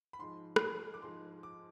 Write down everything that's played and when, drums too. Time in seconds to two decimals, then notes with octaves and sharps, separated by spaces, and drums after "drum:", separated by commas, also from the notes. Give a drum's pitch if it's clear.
0.13 B5
0.19 G#2 F3 G#3 C6
0.56 drum: rim click
0.94 D6
1.02 G#2 F3 G#3 C6
1.43 D6